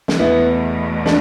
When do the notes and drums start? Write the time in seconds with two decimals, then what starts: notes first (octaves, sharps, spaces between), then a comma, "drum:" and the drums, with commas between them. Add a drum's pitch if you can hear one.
0.08 drum: snare
0.19 E2 B2 A3 B3 E4
1.06 D4, drum: snare